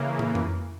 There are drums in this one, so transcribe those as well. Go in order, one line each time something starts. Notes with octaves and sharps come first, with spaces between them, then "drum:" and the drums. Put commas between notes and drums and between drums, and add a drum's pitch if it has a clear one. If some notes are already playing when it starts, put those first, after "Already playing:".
Already playing: C#3 E3 A#3
drum: tom
drum: tom F2